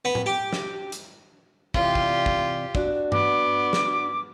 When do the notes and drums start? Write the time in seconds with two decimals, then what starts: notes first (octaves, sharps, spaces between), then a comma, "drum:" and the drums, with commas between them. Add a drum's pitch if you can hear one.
0.05 B3
0.15 drum: tom A2
0.26 G4
0.53 drum: snare
0.92 drum: hi-hat
1.74 C3 E3 F4 G4 D5, drum: kick
1.95 drum: kick
2.26 drum: kick
2.75 D4 F#4, drum: kick
3.12 B3 D6, drum: tom G2
3.73 drum: snare